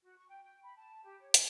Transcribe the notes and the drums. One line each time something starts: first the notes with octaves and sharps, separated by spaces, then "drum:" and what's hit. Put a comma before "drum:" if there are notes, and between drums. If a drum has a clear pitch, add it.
F#4
C#6
G5
G5
B5
A5
G4
C#5
G#5, drum: hi-hat